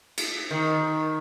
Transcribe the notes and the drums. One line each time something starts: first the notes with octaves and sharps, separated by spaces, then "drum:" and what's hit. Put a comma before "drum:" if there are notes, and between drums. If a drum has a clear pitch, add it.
drum: cymbal
D#3